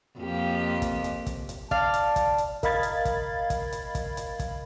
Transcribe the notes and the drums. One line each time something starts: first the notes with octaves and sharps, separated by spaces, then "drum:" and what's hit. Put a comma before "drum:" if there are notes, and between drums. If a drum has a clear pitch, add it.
F2 A#3 G4
drum: kick, hi-hat
drum: hi-hat
drum: kick, hi-hat
drum: hi-hat
D5 F5 A5, drum: kick
drum: hi-hat
drum: kick, hi-hat
drum: hi-hat
A#4 D#5 F5 B5 G#6 A6, drum: kick, hi-hat
drum: hi-hat
drum: kick, hi-hat
drum: kick, hi-hat
drum: hi-hat
drum: kick, hi-hat
drum: hi-hat
drum: kick, hi-hat